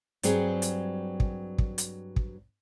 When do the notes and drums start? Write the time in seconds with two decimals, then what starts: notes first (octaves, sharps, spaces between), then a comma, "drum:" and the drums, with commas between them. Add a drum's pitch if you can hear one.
0.23 G2 F#3 G3 C4 G#4, drum: hi-hat
0.62 drum: hi-hat
1.20 drum: kick
1.58 drum: kick
1.78 drum: hi-hat
2.16 drum: kick